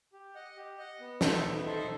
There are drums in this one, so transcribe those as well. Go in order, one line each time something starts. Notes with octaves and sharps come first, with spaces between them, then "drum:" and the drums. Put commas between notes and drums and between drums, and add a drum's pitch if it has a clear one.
G4
D#5 F#5
G4
D#5 F#5
B3
D#4 A4 C5 E5, drum: snare
B3
D#4 A4 C5 E5